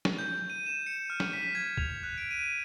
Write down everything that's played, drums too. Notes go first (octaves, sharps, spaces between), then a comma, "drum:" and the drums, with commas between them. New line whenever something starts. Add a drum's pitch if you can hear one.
drum: snare
G6
D#7
E7
C#7
F6
drum: snare
B6
G#6
F7, drum: kick
F#6
D7
D#7